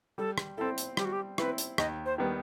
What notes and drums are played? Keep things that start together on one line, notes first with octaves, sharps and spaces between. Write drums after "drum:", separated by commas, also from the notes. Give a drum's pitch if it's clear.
G3 A4
drum: rim click
C4 E4 A4
drum: hi-hat
G3 G4, drum: rim click
F#4
G4
C4 E4 B4, drum: rim click
drum: hi-hat
D#2 D#5, drum: rim click
C5
D#3 G3 B3